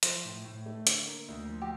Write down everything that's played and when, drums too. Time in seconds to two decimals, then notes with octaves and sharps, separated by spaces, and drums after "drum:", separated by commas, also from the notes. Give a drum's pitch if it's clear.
0.03 F3 C5, drum: hi-hat
0.24 A2
0.45 A2
0.66 A3
0.87 D3, drum: hi-hat
1.07 A#3
1.28 D2
1.49 F3
1.62 G4